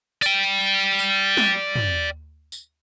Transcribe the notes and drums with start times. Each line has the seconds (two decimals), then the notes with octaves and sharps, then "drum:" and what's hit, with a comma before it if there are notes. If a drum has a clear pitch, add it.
0.22 D5 G5, drum: tambourine
0.99 drum: tambourine
1.37 drum: snare
1.76 drum: tom
2.52 drum: tambourine